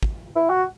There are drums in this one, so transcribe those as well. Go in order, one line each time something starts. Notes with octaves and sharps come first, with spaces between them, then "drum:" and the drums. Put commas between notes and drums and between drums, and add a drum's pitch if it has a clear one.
drum: kick
E4
F#4